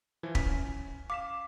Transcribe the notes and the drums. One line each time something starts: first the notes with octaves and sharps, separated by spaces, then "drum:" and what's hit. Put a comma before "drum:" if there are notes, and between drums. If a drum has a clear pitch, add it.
E3 F3 E4
C#4 B6, drum: kick
F5 D6 B6 E7